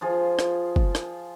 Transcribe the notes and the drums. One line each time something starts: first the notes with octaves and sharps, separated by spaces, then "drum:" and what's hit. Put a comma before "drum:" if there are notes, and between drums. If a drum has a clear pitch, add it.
F3 F4 G#4
drum: rim click
drum: kick
drum: rim click